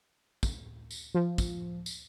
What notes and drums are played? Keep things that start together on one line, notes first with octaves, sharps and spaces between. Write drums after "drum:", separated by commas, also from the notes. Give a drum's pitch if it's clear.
drum: kick, tambourine
drum: tambourine
F3
drum: kick, tambourine
drum: tambourine